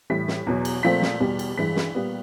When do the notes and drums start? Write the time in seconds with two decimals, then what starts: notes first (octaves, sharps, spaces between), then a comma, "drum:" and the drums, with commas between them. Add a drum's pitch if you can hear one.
0.10 A2 E3 G3 B6
0.28 drum: snare
0.47 E2 B2 F#3
0.65 drum: cymbal
0.83 A#2 F3 A3 C4 B6
1.02 drum: snare
1.20 E2 B2 G3
1.39 drum: cymbal
1.57 G2 E3 G#3 B6
1.76 drum: snare
1.95 A#2 G3 B3